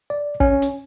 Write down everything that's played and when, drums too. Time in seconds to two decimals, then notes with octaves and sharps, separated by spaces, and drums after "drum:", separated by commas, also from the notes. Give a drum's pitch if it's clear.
0.10 D5
0.40 C#4, drum: kick
0.62 drum: hi-hat